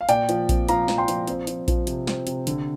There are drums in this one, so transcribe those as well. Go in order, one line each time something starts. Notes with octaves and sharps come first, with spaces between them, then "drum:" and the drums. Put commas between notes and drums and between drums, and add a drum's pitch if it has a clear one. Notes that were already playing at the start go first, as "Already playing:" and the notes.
F5
A#2 D5 G5, drum: hi-hat
F3, drum: hi-hat
C4, drum: kick A#1, hi-hat
F3 F5 A#5, drum: hi-hat
F3, drum: snare
G5 C6
F3, drum: hi-hat
C4, drum: hi-hat
F3, drum: hi-hat
F3, drum: kick A#1, hi-hat
C3, drum: hi-hat
C4, drum: snare
C3, drum: hi-hat
D3, drum: hi-hat